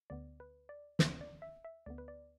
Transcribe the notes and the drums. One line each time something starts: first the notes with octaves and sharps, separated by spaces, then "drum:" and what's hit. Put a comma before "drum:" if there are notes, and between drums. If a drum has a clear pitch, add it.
D2 D3 B3 D5
B4
D5
D2 D3 B3 E5, drum: snare
D5
E5
E5
D2 D3 B3 D5
B4
D5